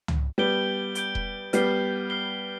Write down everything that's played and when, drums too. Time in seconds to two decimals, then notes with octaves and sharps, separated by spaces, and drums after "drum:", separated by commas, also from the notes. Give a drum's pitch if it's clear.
0.08 drum: tom
0.38 G3 B3 G6 D7 G7
0.95 G6 D7 G7, drum: hi-hat
1.15 drum: kick E1
1.53 G3 B3 F6 C7 G7, drum: hi-hat
2.10 F6 C7 G7